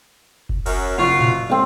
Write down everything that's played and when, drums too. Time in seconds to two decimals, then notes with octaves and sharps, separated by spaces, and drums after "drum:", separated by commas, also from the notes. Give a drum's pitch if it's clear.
0.49 drum: kick F#1
0.66 F#2, drum: cymbal
0.98 F#1 F4 F#5 C#6
1.21 drum: tom A2
1.50 G#3 C4 F5